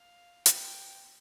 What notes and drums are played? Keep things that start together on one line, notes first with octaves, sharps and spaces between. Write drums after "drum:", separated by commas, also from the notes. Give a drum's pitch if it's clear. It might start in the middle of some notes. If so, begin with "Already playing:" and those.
Already playing: F5
G5, drum: hi-hat